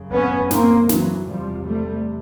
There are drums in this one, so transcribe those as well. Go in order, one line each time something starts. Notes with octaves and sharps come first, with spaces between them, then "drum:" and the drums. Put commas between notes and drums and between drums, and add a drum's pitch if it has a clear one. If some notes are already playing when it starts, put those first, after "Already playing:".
Already playing: F#2 C#3
B3 C#4
A#3 C4, drum: snare
E3 F#3, drum: snare
E2 C3 F3 G3
G3 A3